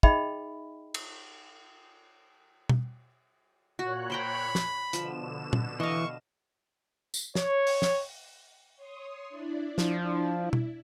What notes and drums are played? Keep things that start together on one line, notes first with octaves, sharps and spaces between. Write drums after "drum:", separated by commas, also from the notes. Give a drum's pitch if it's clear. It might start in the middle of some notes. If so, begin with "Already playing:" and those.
D#4 G#4 D#5 E5 G5 B5, drum: kick
drum: cymbal
drum: tom B2
A#2 F#4 C#5 F#6
C5 G5 A#5 B5
drum: snare
B2 D3 F3 E7, drum: hi-hat
drum: tom A#2
E3 D#5 F5 C#6
drum: tambourine
C#5, drum: snare
drum: open hi-hat
drum: snare
C#5 C6 D#6
D4 E4 D5
F3, drum: snare
E4
drum: tom B2